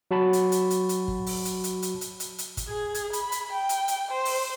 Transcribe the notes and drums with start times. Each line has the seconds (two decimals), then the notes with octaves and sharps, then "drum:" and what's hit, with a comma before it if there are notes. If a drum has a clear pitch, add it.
0.11 F#3 F#4 A5 B5
0.33 drum: hi-hat
0.52 drum: hi-hat
0.70 drum: hi-hat
0.89 drum: hi-hat
1.08 drum: kick G1
1.26 drum: open hi-hat
1.45 drum: hi-hat
1.64 drum: hi-hat
1.82 drum: hi-hat
2.01 drum: hi-hat
2.20 drum: hi-hat
2.38 drum: hi-hat
2.57 drum: kick G1, hi-hat
2.68 G#4
2.94 drum: hi-hat
3.13 B5, drum: hi-hat
3.32 drum: hi-hat
3.53 G5
3.69 drum: hi-hat
3.88 drum: hi-hat
4.11 C5
4.25 drum: open hi-hat